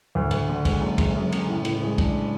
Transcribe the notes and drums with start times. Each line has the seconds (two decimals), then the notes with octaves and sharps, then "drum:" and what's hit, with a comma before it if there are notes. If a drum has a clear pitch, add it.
0.15 D2
0.31 D2, drum: cymbal
0.49 D3
0.65 G#3, drum: kick, cymbal
0.81 F#1
0.98 F#1, drum: kick, cymbal
1.16 F#2
1.32 C#3, drum: cymbal
1.48 A2
1.65 A2, drum: cymbal
1.82 G#3
1.98 D4, drum: kick, cymbal